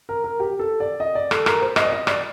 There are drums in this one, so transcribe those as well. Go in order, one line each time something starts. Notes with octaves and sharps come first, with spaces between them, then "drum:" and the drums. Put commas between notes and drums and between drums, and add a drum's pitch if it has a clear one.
A#4
A#4
G4
A4
D5
D#5
D5
A4, drum: rim click
A#4, drum: rim click
C5
D#5, drum: rim click
D5
D#5
D5, drum: rim click